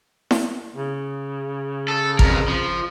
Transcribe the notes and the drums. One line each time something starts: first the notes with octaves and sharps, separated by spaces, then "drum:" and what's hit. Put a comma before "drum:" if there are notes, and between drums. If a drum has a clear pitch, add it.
drum: snare E4
C#3
A4
F2 A#4, drum: kick
F3